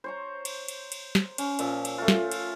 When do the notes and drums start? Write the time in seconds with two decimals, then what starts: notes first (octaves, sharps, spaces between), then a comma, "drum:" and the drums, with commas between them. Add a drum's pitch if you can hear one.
0.04 C5 C#5 A#5
0.45 drum: cymbal
0.68 drum: cymbal
0.92 drum: cymbal
1.15 drum: snare
1.38 C#4, drum: cymbal
1.59 A#2 F3 E5, drum: cymbal
1.85 drum: cymbal
1.98 A3 F4
2.08 drum: snare
2.32 drum: cymbal